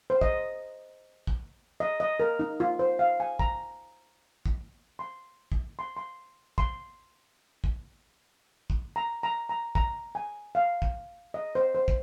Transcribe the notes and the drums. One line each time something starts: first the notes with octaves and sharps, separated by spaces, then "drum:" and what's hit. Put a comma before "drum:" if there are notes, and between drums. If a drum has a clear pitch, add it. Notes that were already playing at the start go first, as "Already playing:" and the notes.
C5
D#5, drum: kick
drum: kick
D#5
D#5
A#4
D#4
F4
C5
F5
G#5
A#5, drum: kick
drum: kick
C6
drum: kick
C6
C6
C6, drum: kick
drum: kick
drum: kick
A#5
A#5
A#5
A#5, drum: kick
G#5
F5
drum: kick
D#5
C5
C5
drum: kick